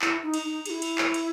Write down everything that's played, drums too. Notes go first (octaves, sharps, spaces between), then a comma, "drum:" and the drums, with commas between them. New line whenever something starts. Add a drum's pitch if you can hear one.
E4, drum: clap
D#4
drum: cymbal
D#4
G#4, drum: cymbal
E4
drum: cymbal
drum: clap
drum: cymbal